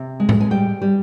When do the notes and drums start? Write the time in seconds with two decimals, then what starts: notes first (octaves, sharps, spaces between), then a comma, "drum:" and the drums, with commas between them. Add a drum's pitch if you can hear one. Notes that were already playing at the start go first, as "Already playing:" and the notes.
Already playing: C3
0.20 G#3
0.29 drum: tom A2
0.40 G#5
0.51 G3 G5
0.82 G3